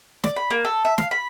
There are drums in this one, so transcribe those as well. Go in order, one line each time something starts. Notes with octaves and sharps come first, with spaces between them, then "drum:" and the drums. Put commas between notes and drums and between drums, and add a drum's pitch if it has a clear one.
D5, drum: snare
B5
A#3
A4
E5
F5, drum: snare
B5